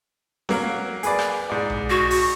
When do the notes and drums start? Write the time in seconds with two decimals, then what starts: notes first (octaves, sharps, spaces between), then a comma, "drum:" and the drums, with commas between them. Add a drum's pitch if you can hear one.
0.49 F#3 A#3 A#4, drum: snare C#4
1.03 G#4 B4 D5, drum: hi-hat
1.19 drum: rim click
1.50 G#2 D5
1.70 drum: tom B1
1.90 F#4
2.10 drum: open hi-hat